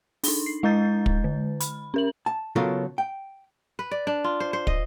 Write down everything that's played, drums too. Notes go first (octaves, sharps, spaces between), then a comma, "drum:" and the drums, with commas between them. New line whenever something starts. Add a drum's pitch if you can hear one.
D4 D#4, drum: open hi-hat
C7
G#3 E4 D#5 A#5 G6 A6
drum: kick
D3
B5, drum: hi-hat
C#4 A#4 F#7
A5
C#3 F#3 B3 F4 A4 A#4
G5
B4
D5
D4
F4
C5
C5
D#5, drum: kick